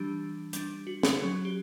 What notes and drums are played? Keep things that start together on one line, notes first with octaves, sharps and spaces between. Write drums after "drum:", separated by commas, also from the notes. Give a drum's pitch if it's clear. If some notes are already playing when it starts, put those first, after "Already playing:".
Already playing: E3 G3 D4 G4
G3 D4, drum: hi-hat
F#4
F#4, drum: snare
F#3 C#4
G4